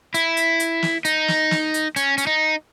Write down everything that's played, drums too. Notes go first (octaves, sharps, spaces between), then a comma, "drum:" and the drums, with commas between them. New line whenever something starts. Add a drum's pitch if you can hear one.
E4, drum: hi-hat
drum: hi-hat
drum: hi-hat
drum: snare
D#4, drum: hi-hat
drum: snare
drum: snare
drum: hi-hat
C#4, drum: hi-hat
C#4, drum: hi-hat
D#4